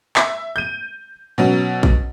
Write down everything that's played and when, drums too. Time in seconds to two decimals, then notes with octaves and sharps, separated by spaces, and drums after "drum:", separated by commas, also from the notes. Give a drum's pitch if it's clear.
0.16 E5, drum: clap
0.56 G6 D#7
1.38 B2 F#3 C#4
1.83 drum: kick